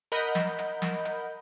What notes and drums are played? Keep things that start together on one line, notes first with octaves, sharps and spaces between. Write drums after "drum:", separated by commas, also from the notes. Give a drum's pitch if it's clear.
A#4 D#5 F#5 B5 G6
drum: snare
drum: hi-hat
drum: snare
drum: hi-hat